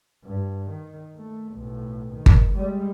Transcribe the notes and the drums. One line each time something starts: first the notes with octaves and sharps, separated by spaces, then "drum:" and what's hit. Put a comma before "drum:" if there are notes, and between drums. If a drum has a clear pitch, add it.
G2
D#3
A3
B1 A2
D#3
drum: kick G1
G3 G#3